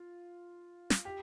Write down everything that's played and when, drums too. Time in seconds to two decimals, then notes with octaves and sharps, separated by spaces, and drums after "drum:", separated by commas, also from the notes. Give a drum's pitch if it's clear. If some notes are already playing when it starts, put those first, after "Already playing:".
Already playing: F4
0.90 drum: snare
1.05 G4